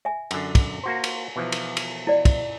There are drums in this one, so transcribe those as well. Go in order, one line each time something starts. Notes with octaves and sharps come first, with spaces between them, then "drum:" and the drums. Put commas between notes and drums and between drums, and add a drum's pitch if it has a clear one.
E5 G#5
F#2 D3, drum: cymbal
drum: kick, cymbal
A#3 F#4 C5
drum: cymbal
B2 E3 F3
drum: cymbal
drum: cymbal
E4 D5 D#5
drum: kick, cymbal